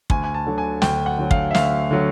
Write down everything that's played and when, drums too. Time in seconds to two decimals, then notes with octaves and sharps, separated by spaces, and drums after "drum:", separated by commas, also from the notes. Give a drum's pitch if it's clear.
0.10 D2 G#5, drum: kick
0.24 G#5
0.34 A5
0.46 D3 F#3
0.58 G#5
0.82 D2 G5, drum: snare
1.06 F#5
1.18 D3 F#3
1.31 F5, drum: kick
1.51 E5
1.55 D2 F5, drum: snare
1.91 D3 F#3